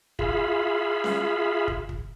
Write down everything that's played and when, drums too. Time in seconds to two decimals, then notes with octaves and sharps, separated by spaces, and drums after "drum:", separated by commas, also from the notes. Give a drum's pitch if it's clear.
0.19 F4 G#4 E5 F5 B5, drum: kick
1.04 drum: snare C#4
1.68 drum: kick
1.89 drum: kick